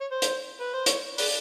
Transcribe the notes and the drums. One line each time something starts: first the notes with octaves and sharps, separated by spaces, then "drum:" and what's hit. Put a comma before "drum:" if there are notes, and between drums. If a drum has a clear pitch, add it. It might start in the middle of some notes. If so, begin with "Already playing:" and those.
C#5
C5
drum: hi-hat
B4
C5
C#5, drum: hi-hat
B4 D5, drum: open hi-hat